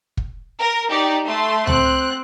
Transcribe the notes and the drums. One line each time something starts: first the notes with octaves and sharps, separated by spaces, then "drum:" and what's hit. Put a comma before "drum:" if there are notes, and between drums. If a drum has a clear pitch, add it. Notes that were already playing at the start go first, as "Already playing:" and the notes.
drum: kick
A#4
D#4 G4 D5
A3 C6
C4 F#6, drum: tom C#2